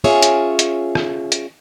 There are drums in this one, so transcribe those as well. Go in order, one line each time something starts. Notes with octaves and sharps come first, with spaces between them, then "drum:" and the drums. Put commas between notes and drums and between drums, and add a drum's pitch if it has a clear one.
C#4 F4 G#4 C#5 E5
drum: hi-hat
drum: hi-hat
drum: rim click
drum: hi-hat